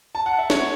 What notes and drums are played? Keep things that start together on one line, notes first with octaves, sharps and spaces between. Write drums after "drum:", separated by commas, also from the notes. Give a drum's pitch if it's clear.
A5
F#5
E5
C#5, drum: snare